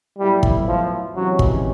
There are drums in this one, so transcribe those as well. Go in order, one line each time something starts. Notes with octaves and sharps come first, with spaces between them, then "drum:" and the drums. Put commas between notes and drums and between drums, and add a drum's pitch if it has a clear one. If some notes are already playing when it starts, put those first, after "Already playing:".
A2 F#3 G3 B3 E4
drum: kick
F3
C3 E3 F#3 G#3 C#4
drum: kick